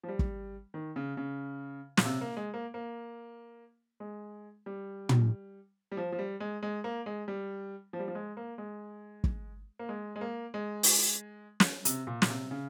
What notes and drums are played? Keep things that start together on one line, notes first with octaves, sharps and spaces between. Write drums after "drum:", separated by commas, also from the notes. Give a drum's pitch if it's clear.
F3
G3
drum: kick
D#3
C#3
C#3
A#2, drum: snare
C3
A#3
G#3
A#3
A#3
G#3
G3
drum: tom
G3
F3
F3
G3
G#3
G#3
A#3
G#3
G3
F3
G3
F3
G#3
A#3
G#3
drum: kick
A#3
G#3
G#3
A#3
G#3
drum: open hi-hat
drum: snare
C3, drum: hi-hat
A#2
A#2, drum: snare
C3
C#3